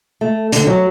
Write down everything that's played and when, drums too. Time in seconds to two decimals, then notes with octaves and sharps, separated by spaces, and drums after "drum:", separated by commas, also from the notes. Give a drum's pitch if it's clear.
0.21 A3
0.52 D3, drum: hi-hat
0.67 F#3